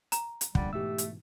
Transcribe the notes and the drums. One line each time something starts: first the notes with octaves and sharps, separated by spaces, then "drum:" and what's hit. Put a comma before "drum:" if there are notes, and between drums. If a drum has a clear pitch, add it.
A#5, drum: hi-hat
drum: hi-hat
F#2 A#2 D3 G3 F#5, drum: kick
G#2 B2 E3 A3 G4 E6
drum: hi-hat